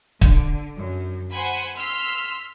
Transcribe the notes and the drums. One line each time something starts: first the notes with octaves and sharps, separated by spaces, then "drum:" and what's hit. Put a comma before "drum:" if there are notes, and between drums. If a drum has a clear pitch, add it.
D3, drum: kick
F#2
C5 F#5 G#5 B5
C6 E6 F6 B6